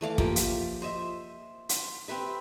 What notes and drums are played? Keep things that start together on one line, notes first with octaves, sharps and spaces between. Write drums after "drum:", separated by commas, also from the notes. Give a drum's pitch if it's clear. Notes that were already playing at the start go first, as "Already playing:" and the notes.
E3 A3 F5 D6
F3 A#3 G4, drum: kick
drum: hi-hat
C5 D#5 E5
C6, drum: hi-hat
C4 G4 B4 E5